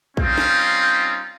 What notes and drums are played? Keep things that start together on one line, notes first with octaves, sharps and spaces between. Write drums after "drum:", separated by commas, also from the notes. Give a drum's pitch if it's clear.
G3 C4 C#4 D#4 F4, drum: kick A#1
drum: snare